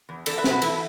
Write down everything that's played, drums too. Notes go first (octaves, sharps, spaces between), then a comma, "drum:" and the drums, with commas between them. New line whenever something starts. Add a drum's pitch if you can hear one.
E2
E2 A4 D5, drum: cymbal
B4 E5
B2, drum: snare
F#4 B4
E3 E4 A4, drum: cymbal